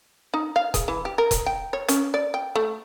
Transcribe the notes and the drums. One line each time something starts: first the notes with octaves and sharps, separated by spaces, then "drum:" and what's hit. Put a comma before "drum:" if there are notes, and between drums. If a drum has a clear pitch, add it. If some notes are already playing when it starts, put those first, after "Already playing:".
D#4
F5
G#4, drum: kick E1, hi-hat
E3
G4
A#4
drum: kick E1, hi-hat
G5
C#5
C#4, drum: hi-hat
D5
G5
A3